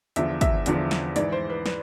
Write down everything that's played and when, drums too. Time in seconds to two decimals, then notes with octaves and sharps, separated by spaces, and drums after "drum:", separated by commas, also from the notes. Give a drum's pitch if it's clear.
0.16 E2 D3 F3 E5, drum: hi-hat
0.41 E5, drum: kick, hi-hat
0.66 E2 D3 F3, drum: hi-hat
0.91 drum: snare
1.16 G#2 E3 D5, drum: hi-hat
1.32 C5
1.50 B4
1.66 B4, drum: snare